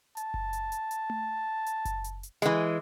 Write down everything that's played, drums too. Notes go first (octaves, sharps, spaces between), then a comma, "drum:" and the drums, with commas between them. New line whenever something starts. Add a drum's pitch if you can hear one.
A5, drum: hi-hat
drum: kick F#1
drum: hi-hat
drum: hi-hat
drum: hi-hat
drum: tom A3
drum: hi-hat
drum: kick F#1, hi-hat
drum: hi-hat
drum: hi-hat
E3 G#3, drum: hi-hat